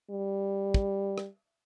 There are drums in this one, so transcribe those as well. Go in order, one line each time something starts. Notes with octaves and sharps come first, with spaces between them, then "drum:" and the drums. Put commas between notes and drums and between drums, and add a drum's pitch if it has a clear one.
G3
drum: kick
drum: rim click